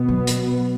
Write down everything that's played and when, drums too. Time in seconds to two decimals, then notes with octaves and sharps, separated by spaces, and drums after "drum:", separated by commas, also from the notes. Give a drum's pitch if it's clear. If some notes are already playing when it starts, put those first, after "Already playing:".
Already playing: B2 B3
0.08 F#3
0.27 drum: hi-hat